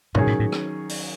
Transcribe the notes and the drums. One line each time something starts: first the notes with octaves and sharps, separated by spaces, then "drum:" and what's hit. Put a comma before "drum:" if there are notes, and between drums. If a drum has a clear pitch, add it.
G#2 D#3 F#3 C#4 G#4, drum: tom
A2
A2
drum: rim click
drum: open hi-hat